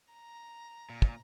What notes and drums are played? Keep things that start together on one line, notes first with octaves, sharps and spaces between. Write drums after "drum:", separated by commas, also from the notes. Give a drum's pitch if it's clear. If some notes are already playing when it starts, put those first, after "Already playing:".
A#5
A#2
drum: kick